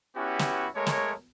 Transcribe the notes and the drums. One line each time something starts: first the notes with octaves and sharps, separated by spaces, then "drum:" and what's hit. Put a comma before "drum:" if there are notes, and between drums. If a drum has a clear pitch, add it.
B3 C#4 E4 F#4 G4
drum: snare
G#3 A3 A#4 C#5
drum: snare